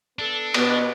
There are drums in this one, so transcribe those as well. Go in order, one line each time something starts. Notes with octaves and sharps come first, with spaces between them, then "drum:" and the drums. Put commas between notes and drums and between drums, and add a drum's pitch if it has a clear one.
B3 D4 A4
B2 B3, drum: cymbal